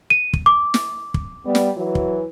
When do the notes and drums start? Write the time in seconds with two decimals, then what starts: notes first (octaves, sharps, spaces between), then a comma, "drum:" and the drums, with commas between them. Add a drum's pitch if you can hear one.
0.10 D#7
0.33 drum: kick
0.46 D6
0.74 drum: snare
1.14 drum: kick
1.45 G3 B3
1.55 drum: snare
1.75 E3 F#3
1.95 drum: kick